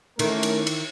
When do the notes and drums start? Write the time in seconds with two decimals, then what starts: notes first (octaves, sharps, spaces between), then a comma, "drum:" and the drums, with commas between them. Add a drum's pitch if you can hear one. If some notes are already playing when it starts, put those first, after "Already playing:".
0.19 D#3 E3 A3 C#4 A#4, drum: cymbal
0.43 drum: cymbal
0.67 drum: cymbal